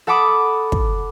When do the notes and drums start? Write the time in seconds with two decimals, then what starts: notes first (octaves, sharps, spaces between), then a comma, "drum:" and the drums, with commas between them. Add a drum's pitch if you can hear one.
0.07 A4 F#5 A5 B5 D6 D#6
0.72 drum: kick